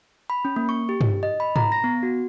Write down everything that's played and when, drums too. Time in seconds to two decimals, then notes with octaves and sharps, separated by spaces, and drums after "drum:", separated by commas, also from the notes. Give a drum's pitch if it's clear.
0.30 B5
0.45 C#4
0.56 A#3
0.69 C#6
0.89 G4
1.01 drum: tom G2
1.23 D#5
1.40 B5
1.56 A#5, drum: tom G#2
1.72 A#6
1.84 B3
2.03 F#4